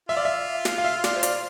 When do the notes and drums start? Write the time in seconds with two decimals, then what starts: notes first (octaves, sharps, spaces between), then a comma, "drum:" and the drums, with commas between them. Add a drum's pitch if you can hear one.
0.09 F4 E5
0.17 D5
0.25 E5
0.65 drum: snare
0.78 F5
0.85 E5
1.04 D5, drum: snare
1.16 C5
1.23 D5, drum: hi-hat